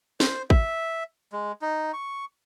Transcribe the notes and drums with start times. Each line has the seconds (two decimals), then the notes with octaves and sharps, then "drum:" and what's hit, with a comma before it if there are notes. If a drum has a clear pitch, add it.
0.20 C5, drum: snare
0.50 E5, drum: kick
1.32 G#3
1.62 D#4
1.93 C#6